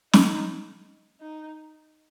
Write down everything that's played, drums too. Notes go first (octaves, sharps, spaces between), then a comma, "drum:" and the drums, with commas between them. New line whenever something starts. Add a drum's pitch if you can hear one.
D#4, drum: snare
D#4